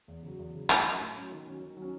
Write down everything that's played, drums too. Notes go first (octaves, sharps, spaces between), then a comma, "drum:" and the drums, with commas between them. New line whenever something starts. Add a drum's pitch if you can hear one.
E2
C#3 F#3
E2
C#3 F#3
A2, drum: clap
F#3 C#4
A2
F#3 C#4
D#3
F#3 C#4
D#3
F#3 C#4